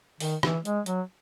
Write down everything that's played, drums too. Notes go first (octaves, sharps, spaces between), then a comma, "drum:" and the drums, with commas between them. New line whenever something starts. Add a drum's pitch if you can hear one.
D#3, drum: open hi-hat
E3, drum: rim click
G#3, drum: hi-hat
F#3, drum: hi-hat